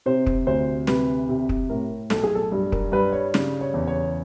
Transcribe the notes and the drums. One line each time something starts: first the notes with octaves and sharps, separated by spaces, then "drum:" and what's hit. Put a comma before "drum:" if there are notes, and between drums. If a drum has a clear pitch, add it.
C3 C5
drum: kick
D2 C5
C3 B4, drum: snare
C3
drum: kick
A2 A#4
B1 A4, drum: snare
G#4
A4
G2
A#4, drum: kick
G2 B4
C#5
C#3, drum: snare
C#5
E2
C#5